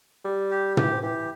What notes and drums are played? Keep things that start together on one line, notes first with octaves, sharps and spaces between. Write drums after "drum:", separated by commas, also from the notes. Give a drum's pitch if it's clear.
G3
G4
E3 G4, drum: tom
F3
E3 G4